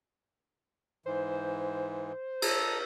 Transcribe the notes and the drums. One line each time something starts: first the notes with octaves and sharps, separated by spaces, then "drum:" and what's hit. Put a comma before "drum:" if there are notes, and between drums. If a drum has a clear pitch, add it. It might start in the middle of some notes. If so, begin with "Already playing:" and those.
G#2 E3 C5
A4 A#5, drum: cymbal